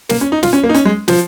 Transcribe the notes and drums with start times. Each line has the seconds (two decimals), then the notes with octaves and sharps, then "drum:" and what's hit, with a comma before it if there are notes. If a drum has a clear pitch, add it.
0.09 A#3, drum: snare
0.21 C#4
0.32 D#4
0.43 F4, drum: snare
0.53 C#4
0.64 A#3
0.69 D#4
0.74 C#4, drum: hi-hat
0.85 G#3
1.08 F3, drum: snare